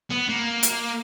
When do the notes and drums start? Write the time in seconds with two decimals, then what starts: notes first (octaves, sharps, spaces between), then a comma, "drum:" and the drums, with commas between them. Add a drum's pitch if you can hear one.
0.11 B3
0.29 A#3
0.63 drum: hi-hat